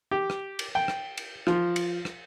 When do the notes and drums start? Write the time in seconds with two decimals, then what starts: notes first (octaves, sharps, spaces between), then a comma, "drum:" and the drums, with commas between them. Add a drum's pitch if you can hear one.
0.11 G4
0.30 drum: rim click
0.59 drum: cymbal
0.75 G5
0.88 drum: rim click
1.17 drum: cymbal
1.47 F3, drum: rim click
1.76 drum: cymbal
2.05 drum: rim click